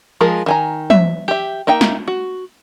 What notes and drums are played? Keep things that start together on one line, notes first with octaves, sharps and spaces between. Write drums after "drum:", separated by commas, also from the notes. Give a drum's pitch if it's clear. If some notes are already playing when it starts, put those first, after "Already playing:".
F3 G#3 F4 G#4 A#4
D#3 G#5 A#5
E5, drum: tom
G4 E5
A#3 D#4 E5 G5
drum: snare
F#4